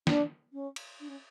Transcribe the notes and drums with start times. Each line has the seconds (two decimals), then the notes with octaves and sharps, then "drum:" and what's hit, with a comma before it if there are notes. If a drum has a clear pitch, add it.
0.07 D4, drum: snare
0.53 C#4
0.76 drum: cymbal
1.00 D4
1.08 C#4